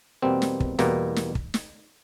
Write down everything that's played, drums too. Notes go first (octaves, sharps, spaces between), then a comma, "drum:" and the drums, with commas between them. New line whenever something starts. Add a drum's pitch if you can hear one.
E2 B2 G3 A#3 C4
drum: snare
drum: kick
E2 B2 G3 A#3, drum: snare
drum: snare
drum: kick
drum: snare